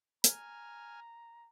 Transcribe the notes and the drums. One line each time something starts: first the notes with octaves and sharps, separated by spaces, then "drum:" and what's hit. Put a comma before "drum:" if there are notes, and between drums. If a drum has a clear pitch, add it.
G#5 A#5 F6, drum: hi-hat